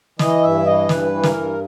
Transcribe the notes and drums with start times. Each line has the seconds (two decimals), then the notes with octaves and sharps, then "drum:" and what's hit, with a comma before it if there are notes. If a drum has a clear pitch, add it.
0.19 E3 D#5, drum: snare
0.43 G2 E5
0.66 E3 D#5
0.89 G2 B4, drum: snare
1.12 E3
1.23 A#4, drum: snare
1.36 G2